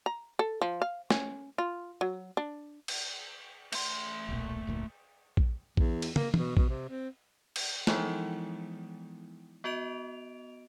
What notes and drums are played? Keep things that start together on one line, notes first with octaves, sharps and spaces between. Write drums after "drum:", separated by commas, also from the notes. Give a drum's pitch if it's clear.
A#5
A4
F3
F5
C#4, drum: snare
F4
F#3
D4
drum: cymbal
A3 C6, drum: cymbal
D#1 B1 A#2
F1 D2 A#2
drum: kick A#1
E2, drum: kick A#1
drum: cymbal
A#3, drum: tom
B2, drum: tom
B2, drum: kick A#1
C3
C4
drum: cymbal
E3 F3 G#3 B3 D#4 E4, drum: snare
B3 F#4 D#5 D7 F7